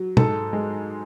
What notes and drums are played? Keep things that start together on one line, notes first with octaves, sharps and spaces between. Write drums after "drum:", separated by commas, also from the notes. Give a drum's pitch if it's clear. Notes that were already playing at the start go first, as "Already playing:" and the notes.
Already playing: F#3
G#2 A4, drum: tom
G#3